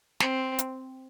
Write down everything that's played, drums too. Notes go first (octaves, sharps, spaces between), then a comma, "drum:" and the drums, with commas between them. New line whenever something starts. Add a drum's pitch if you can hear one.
C4, drum: snare
drum: hi-hat